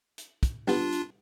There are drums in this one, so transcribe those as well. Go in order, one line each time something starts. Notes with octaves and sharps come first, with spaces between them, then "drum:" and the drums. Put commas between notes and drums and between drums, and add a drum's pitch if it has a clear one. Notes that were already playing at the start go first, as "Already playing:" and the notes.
drum: hi-hat
drum: kick, hi-hat
G3 B3 D4 F4, drum: snare
drum: hi-hat